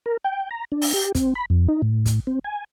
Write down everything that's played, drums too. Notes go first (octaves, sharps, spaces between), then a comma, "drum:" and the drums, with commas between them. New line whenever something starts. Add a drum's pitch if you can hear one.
A#4
G5
A#5
D4
drum: open hi-hat
G4
C4, drum: kick, hi-hat
B5
F2
D#4
A2
drum: kick, hi-hat
C4
G#5